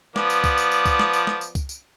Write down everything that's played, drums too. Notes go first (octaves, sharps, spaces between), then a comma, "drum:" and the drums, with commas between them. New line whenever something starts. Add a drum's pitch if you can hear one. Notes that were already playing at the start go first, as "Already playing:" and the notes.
F3 B3 D5, drum: snare
drum: tambourine
drum: kick C2, tambourine
drum: tambourine
drum: tambourine
drum: kick C2, tambourine
drum: snare
drum: tambourine
drum: snare
drum: tambourine
drum: kick C2, tambourine
drum: tambourine